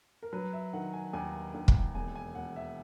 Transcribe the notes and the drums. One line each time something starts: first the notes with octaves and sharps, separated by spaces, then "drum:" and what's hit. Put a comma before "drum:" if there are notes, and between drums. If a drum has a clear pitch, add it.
A#4
F#3 B4
E5
D#3 F#5
G#5
D#2 G#5
D#2
drum: kick
E1 G#5
G#5
E1 F#5
E5